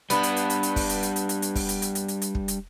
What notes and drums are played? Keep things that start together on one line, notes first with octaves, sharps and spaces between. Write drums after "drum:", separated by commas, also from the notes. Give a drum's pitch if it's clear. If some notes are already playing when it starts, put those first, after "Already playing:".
G3 B3 D4, drum: hi-hat
drum: hi-hat
drum: hi-hat
drum: hi-hat
drum: hi-hat
drum: kick, open hi-hat
drum: hi-hat
drum: hi-hat
drum: hi-hat
drum: hi-hat
drum: hi-hat
drum: kick, open hi-hat
drum: hi-hat
drum: hi-hat
drum: hi-hat
drum: hi-hat
drum: hi-hat
drum: kick
drum: hi-hat